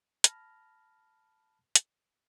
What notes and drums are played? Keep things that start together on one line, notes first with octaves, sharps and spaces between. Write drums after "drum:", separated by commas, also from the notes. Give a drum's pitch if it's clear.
A5 B5 F6 A#6, drum: hi-hat
drum: hi-hat